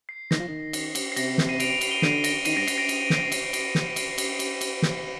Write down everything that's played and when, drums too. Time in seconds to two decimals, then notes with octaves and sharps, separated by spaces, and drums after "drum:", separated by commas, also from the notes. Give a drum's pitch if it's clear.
0.09 C7
0.31 D#3 A#6, drum: snare
0.39 F3
0.48 D#3
0.73 drum: cymbal
0.95 drum: cymbal
1.12 C7
1.16 C3 A#6, drum: cymbal
1.38 drum: snare
1.49 C7 D#7
1.60 D7 F7, drum: cymbal
1.70 D7 F7
1.81 drum: cymbal
1.91 D#7 G7
2.02 D3 C7 D#7, drum: snare
2.24 A#6 D7, drum: cymbal
2.45 D#3 C7 D#7, drum: cymbal
2.56 G2 A#6 D7
2.68 C7, drum: cymbal
2.78 A#6 D7
2.89 drum: cymbal
3.10 drum: snare
3.32 drum: cymbal
3.53 drum: cymbal
3.75 drum: snare
3.96 drum: cymbal
4.18 drum: cymbal
4.39 drum: cymbal
4.61 drum: cymbal
4.82 drum: snare